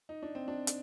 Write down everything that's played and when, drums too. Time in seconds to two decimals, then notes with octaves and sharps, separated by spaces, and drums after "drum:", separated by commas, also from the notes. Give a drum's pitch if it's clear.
0.09 D#4
0.23 D4
0.35 C4
0.48 D4
0.67 drum: hi-hat